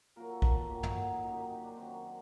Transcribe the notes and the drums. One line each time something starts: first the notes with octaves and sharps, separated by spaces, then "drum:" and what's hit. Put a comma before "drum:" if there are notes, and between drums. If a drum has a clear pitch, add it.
A#2 F#3 A#4
A4
A#4, drum: kick A#1
A4
A#2 F#3 G4
F#4, drum: tom
D#4
D#4
F#2 D#3 F#3 D#4
G4
D#4
D4
F#2 D#3 F#3 C4